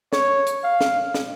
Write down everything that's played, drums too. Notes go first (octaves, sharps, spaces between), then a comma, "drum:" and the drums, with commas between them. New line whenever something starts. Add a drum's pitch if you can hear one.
C#5, drum: snare
drum: hi-hat
F5
drum: snare
drum: snare